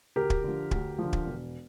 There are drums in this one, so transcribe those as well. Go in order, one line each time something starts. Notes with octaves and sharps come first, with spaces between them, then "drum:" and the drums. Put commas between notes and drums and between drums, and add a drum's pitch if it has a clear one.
D2 G4 A#4
drum: kick
D3 F3
D2, drum: kick
D3 F3
drum: kick
E1